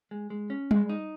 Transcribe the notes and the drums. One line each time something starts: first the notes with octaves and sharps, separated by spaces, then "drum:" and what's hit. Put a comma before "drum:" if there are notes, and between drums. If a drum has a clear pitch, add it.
G#3
G#3
C#4
G#3, drum: tom G3
D#4